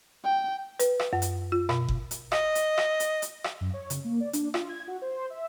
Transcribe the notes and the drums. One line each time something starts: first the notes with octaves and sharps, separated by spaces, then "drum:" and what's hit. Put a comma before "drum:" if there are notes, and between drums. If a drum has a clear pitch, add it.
G5
B4, drum: hi-hat
drum: rim click
F#2
drum: hi-hat
F4
B2, drum: rim click
drum: kick F#1
drum: hi-hat
D#5, drum: rim click
drum: hi-hat
drum: rim click
drum: hi-hat
drum: hi-hat
drum: rim click
F#2
C#5
C#3, drum: hi-hat
A#3
D5
D4, drum: hi-hat
F4, drum: rim click
G#6
F#4
C5
E5